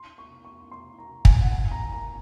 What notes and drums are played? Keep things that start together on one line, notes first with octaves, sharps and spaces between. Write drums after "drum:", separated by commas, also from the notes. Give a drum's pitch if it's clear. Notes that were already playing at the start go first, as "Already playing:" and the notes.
Already playing: C6
C#6
C#6
C6
A#5
G#5, drum: kick
F#5
G#5
A#5
A#5